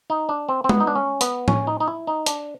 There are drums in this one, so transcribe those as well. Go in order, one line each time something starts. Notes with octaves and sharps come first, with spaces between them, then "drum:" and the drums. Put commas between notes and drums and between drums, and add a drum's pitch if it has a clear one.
D#4
D4
C4
C4
B3, drum: tom G#3
D#4
D4
C#4
B3, drum: hi-hat
C#4, drum: tom A2
D#4
D#4
E4
D#4
D4, drum: hi-hat